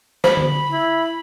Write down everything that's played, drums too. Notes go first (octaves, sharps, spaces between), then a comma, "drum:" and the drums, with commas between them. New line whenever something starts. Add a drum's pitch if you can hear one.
C5 B5, drum: snare
drum: tom D3
E4